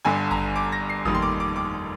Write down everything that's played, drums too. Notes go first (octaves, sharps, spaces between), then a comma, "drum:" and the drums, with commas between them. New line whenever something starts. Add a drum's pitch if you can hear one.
G1 G2 D3 G#5
A#5, drum: kick G#1
D6
A#6
C7
F1 D#2 D#3 G3 D#6, drum: kick G#1
C6
D6
D6
D6